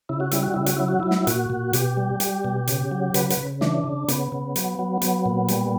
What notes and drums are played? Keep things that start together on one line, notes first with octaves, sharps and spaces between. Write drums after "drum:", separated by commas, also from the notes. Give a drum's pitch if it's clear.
C#3 E4
F#4
G3 E4, drum: hi-hat
F#4
C#3 E4
F#4, drum: hi-hat
F#3 E4
F#4
F#3 E4
drum: snare
A#2 F#4, drum: hi-hat
A#2
B2 G4, drum: hi-hat
G3
G3, drum: hi-hat
B2
C#3, drum: hi-hat
F#3
C#3 B4, drum: hi-hat
B4, drum: hi-hat
C#3
E3 D4, drum: snare
C#3
C#3 B3, drum: hi-hat
C#3
F#3, drum: hi-hat
F#3
F#3 B3, drum: hi-hat
A#2
G3, drum: hi-hat